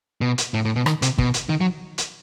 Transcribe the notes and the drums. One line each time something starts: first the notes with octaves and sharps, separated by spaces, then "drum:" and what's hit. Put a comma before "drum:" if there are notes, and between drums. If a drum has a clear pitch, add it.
B2
drum: hi-hat
A2
A2
B2
D#3, drum: rim click
C3, drum: hi-hat
B2, drum: kick
drum: hi-hat
D#3
F#3
drum: hi-hat